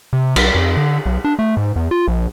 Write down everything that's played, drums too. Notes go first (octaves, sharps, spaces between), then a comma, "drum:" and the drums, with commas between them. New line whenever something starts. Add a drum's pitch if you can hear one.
C3
B1, drum: cymbal
F2
D3
B1
D4
A3
G#2
E2
F4
A#1